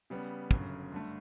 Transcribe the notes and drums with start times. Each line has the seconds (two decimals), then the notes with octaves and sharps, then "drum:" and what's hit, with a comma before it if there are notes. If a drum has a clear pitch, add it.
0.10 C#3 G3 B3
0.51 G1 F#2 C#3, drum: kick
0.92 G2 D3 A3